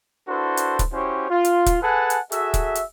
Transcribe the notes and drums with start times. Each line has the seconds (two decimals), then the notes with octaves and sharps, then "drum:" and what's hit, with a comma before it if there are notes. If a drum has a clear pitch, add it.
0.28 D4 E4 F#4 A4 B4 C5
0.57 drum: hi-hat
0.79 drum: kick, hi-hat
0.93 C#4 E4 F#4 G4 C5 C#5
1.30 F4
1.45 drum: hi-hat
1.66 drum: kick, hi-hat
1.82 G#4 A4 B4 F#5 G#5 A5
2.10 drum: hi-hat
2.32 F#4 G#4 A4 E5, drum: hi-hat
2.54 drum: kick, hi-hat
2.75 drum: hi-hat